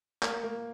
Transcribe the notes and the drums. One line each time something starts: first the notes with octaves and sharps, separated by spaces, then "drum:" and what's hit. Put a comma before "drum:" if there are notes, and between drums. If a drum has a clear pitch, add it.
A#3, drum: clap
A#3